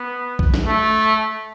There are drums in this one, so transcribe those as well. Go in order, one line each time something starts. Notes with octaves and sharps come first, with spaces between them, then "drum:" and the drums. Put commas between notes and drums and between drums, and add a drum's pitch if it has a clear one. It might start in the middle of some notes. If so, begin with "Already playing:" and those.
Already playing: B3
drum: kick A#1
drum: snare
A3